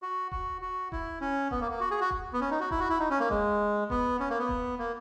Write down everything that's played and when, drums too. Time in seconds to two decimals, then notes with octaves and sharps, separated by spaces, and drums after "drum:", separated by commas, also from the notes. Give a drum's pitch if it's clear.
0.02 F#4
0.32 F#4, drum: kick D#1
0.62 F#4
0.92 E4, drum: kick D#1
1.21 C#4
1.51 B3, drum: kick D#1
1.61 A#3
1.71 A#3
1.80 F#4
1.91 G#4
2.01 F#4
2.11 drum: kick D#1
2.33 B3
2.41 C#4
2.51 D#4
2.60 F#4
2.71 E4, drum: kick D#1
2.79 F#4
2.89 E4
3.00 D#4
3.10 C#4
3.20 A#3
3.30 G#3, drum: kick D#1
3.90 B3, drum: kick D#1
4.20 C#4
4.30 A#3
4.39 B3
4.49 drum: kick D#1
4.79 A#3